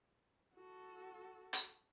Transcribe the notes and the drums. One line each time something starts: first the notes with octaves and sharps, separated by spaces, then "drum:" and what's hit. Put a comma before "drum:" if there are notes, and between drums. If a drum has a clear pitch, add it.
F#4 A4
drum: hi-hat